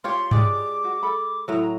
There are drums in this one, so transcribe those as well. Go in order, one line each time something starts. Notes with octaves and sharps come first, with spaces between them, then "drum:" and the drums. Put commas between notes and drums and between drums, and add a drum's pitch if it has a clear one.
F4 G4 C#5 C6
G#3 G4 D5 D6, drum: tom G2
F#4
A4 B5
A2 F#3 A#5